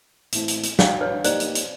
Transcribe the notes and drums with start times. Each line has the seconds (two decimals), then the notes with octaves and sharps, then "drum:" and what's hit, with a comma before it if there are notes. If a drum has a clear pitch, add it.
0.32 A2 E3 A3 C4, drum: hi-hat
0.48 drum: hi-hat
0.63 drum: hi-hat
0.79 F5 G5, drum: snare
1.01 B4 C#5
1.24 A#3 D#4 G4 A#4 C5 D5 D#5, drum: hi-hat
1.40 drum: hi-hat
1.55 drum: hi-hat